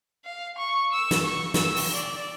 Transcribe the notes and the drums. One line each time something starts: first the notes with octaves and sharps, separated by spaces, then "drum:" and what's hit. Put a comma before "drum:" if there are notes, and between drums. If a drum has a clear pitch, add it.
F5
C#6
E6
drum: snare
C#6
E6, drum: snare
drum: open hi-hat
D5